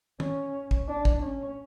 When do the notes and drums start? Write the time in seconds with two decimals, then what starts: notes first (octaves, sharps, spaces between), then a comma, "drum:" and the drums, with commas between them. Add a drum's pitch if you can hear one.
0.20 C#4, drum: tom
0.71 drum: kick
0.88 D4
1.05 drum: kick
1.22 C#4